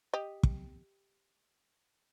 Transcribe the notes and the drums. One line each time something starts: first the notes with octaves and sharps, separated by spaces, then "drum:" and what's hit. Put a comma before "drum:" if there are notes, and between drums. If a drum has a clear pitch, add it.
G4 D#5
drum: kick